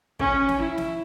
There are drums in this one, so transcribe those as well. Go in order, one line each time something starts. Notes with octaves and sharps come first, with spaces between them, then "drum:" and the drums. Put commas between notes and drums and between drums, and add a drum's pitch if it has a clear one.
C#4, drum: kick
drum: snare
E4
drum: snare